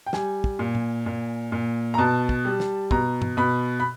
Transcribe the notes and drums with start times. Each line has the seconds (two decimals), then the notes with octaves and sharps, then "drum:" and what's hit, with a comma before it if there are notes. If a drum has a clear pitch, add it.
0.06 G5
0.13 G3 G#5, drum: snare
0.44 drum: kick
0.59 A#2
0.75 drum: tom
1.06 A#2
1.52 A#2
1.94 A#5
1.98 B2 A5
2.29 drum: kick
2.45 G3
2.60 drum: snare
2.91 B2 A#5, drum: kick
3.22 drum: tom G2
3.37 B2 B5
3.80 B5